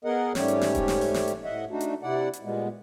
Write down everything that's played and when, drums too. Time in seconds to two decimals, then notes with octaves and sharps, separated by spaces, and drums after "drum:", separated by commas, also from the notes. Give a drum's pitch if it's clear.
0.05 B3 G#4 A#4 D#5 F#5
0.35 G#2 G3 A3 C#4 G4 C#5, drum: snare
0.48 drum: hi-hat
0.61 drum: snare
0.75 drum: kick E1, hi-hat
0.88 drum: snare
1.01 drum: open hi-hat
1.14 drum: snare
1.28 drum: hi-hat
1.44 A2 D#5 E5 F#5
1.70 A3 D4 D#4 F#4
1.81 drum: hi-hat
2.03 C3 E4 D5 F#5
2.33 drum: hi-hat
2.43 A#2 G3 G#3 B3